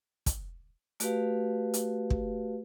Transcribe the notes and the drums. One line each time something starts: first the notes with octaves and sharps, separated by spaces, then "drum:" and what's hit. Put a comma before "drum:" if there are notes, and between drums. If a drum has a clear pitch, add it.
drum: kick, hi-hat
A3 F#4 G4 B4 F5, drum: hi-hat
drum: hi-hat
drum: kick